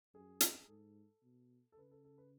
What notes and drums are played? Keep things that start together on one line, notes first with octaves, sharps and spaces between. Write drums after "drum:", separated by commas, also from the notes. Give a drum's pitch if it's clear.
F#2 G#4
drum: hi-hat
G#2 A4
B2
A4
C#3 B4
A4
A4
B4